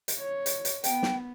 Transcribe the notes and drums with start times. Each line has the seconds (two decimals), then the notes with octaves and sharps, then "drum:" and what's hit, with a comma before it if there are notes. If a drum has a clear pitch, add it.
0.08 drum: hi-hat
0.19 C#5
0.46 drum: hi-hat
0.65 drum: hi-hat
0.84 B3 G5, drum: hi-hat
1.03 drum: snare